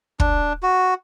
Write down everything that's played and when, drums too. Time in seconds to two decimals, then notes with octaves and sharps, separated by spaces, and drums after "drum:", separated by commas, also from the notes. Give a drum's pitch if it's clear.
0.20 D4, drum: kick
0.63 F#4